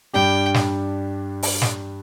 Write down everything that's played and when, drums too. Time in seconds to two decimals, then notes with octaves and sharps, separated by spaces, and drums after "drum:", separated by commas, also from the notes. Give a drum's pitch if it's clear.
0.13 G2 G3 D4 G4 G5
0.54 drum: snare
1.43 drum: open hi-hat
1.62 drum: snare